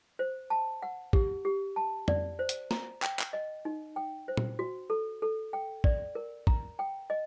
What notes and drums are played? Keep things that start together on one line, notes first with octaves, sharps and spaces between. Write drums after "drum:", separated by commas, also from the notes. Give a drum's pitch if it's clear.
C5
A5
F#5
G4, drum: kick
G4
A5
D5, drum: tom F2
C5
drum: hi-hat
A#5, drum: snare
G5, drum: clap
drum: clap
D#5
D#4
G5
C5
drum: tom A#2
F#4
A4
A4
G5
D5, drum: kick
A#4
A#5, drum: kick
G5
D#5